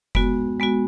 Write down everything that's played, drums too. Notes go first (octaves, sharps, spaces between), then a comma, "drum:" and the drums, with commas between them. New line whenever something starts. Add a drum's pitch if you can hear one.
G#3 B3 F#4, drum: kick F1
G#3 B3 F#4